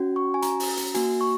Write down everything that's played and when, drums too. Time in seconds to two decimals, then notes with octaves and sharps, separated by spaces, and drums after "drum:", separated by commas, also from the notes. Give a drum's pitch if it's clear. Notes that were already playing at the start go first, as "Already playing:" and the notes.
Already playing: C#4 F#4
0.16 C#6
0.34 G#5
0.42 A#5, drum: hi-hat
0.60 drum: open hi-hat
0.77 drum: hi-hat
0.94 A#3 F#4 G#5, drum: hi-hat
1.21 C#6